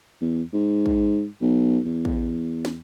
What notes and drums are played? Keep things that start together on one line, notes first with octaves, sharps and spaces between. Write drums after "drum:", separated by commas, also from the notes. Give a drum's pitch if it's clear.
E2
G#2
drum: kick
B1
E2
drum: kick
drum: snare